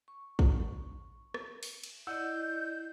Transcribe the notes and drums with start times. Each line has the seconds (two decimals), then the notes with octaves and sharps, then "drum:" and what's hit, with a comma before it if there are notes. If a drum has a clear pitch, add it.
0.08 C#6
0.39 drum: kick
1.34 drum: rim click
1.63 drum: open hi-hat
1.84 drum: cymbal
2.07 E4 D5 D#5 F#5 E6 G6